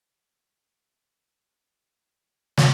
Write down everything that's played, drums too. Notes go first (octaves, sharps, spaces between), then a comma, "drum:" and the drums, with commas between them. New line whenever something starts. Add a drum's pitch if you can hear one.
E3
A3
B3
G3
drum: snare